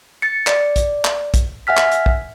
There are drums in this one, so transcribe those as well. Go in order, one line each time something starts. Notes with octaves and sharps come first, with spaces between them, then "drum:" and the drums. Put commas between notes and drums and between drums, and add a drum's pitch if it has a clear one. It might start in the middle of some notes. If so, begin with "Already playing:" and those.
A6 C#7
D5, drum: clap
drum: kick, hi-hat
drum: clap
drum: kick, hi-hat
E5 F#5 G#5 F6 B6
drum: clap
drum: hi-hat
drum: kick